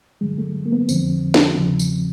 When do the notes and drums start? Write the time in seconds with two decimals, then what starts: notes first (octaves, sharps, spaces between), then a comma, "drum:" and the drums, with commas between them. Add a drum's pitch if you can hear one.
0.21 G2 D3 F#3 G#3
0.38 A3
0.66 A#3
0.72 B3
0.89 F2 D3 F3 C4, drum: tambourine
1.34 drum: snare
1.57 E2 C#3 F3
1.79 drum: tambourine